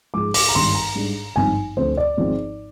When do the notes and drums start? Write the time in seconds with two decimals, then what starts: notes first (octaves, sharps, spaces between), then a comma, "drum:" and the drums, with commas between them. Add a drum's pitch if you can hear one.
0.14 G#2 F3 G#3 D6
0.34 D6, drum: open hi-hat
0.49 A#5
0.55 G#1 G2 D#3 G3 C6
0.75 A#5
0.95 G#2 G3 D4
1.36 G#1 G2 F3 C4 D#4 G#5
1.77 D2 D3 F3 C4 C5
1.97 D5
2.17 G#1 G#2 F3 C4